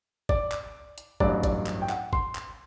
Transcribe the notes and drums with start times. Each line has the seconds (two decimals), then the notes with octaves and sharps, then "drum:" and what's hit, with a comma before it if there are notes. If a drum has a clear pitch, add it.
0.29 D5, drum: kick
0.52 drum: clap
0.98 drum: hi-hat
1.20 A1 G2 F#3 D5, drum: kick
1.43 D5, drum: kick, hi-hat
1.66 drum: clap
1.82 G5
1.89 F#5, drum: clap
2.13 C6, drum: kick
2.35 drum: clap